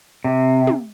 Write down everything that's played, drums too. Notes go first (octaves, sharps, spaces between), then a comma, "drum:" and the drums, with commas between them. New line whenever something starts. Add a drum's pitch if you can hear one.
C3
drum: tom